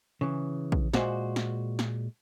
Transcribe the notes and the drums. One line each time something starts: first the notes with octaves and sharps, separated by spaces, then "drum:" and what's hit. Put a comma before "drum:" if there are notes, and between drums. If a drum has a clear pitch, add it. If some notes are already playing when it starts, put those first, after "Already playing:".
C#3 E3
drum: kick
A#2 G#3 F#4 C5, drum: snare
drum: snare
drum: snare